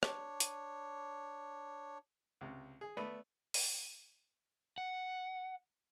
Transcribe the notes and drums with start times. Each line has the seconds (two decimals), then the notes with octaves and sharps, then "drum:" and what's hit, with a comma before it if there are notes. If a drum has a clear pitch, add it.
0.03 D4 C#5, drum: rim click
0.40 drum: hi-hat
2.41 C#2 C3
2.81 G#4
2.97 A3 B3 D5 D#5 B5
3.54 drum: open hi-hat
4.78 F#5